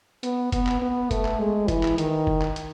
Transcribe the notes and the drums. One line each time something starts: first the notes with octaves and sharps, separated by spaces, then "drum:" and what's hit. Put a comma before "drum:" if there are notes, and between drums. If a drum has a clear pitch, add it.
B3, drum: hi-hat
B3, drum: kick F1, hi-hat
drum: clap
B3
A3, drum: kick F1, hi-hat
drum: clap
G#3
E3, drum: kick F1, hi-hat
drum: clap
D#3, drum: hi-hat
drum: kick F1
drum: clap
drum: hi-hat